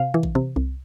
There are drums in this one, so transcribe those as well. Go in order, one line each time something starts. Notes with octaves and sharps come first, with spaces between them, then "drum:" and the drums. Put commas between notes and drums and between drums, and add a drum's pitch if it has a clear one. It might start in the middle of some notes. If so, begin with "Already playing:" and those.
Already playing: C3 F5
E3
drum: kick A1
C3
C2